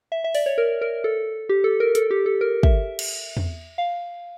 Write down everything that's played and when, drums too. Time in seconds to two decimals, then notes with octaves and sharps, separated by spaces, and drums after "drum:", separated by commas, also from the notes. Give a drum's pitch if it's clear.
0.12 E5
0.24 E5
0.35 D5, drum: open hi-hat
0.46 C#5
0.58 A#4
0.81 A#4
1.04 A4
1.49 G4
1.64 A4
1.80 A#4
1.95 A4, drum: hi-hat
2.11 G4
2.26 A4
2.41 A#4
2.63 E5, drum: kick
2.99 drum: cymbal
3.37 drum: tom E2
3.78 F5